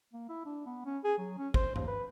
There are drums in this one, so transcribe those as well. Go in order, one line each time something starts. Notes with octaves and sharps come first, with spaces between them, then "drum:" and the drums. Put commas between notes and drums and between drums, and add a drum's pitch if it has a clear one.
A#3
E4
D4
B3
C#4
G#4
F#3
C#4
C5, drum: kick
D#2, drum: tom G2
B4